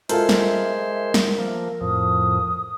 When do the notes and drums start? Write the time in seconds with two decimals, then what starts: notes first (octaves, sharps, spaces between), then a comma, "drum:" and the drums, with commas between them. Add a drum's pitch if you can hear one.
0.09 G#3 F4 A4 A#4 C5 E5 F5, drum: hi-hat
0.29 drum: snare
1.14 drum: snare
1.38 F3 A#3
1.81 F2 A2 F3 D#6